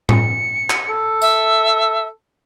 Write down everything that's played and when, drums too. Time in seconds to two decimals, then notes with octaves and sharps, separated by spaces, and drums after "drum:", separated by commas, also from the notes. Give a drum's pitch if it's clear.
0.09 C#7, drum: tom A2
0.70 drum: clap
0.89 A4
1.22 E5, drum: tambourine